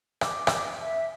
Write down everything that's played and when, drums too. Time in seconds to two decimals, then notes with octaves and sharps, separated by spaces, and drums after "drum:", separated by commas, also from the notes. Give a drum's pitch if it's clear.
0.21 D6, drum: rim click
0.47 drum: rim click
0.78 E5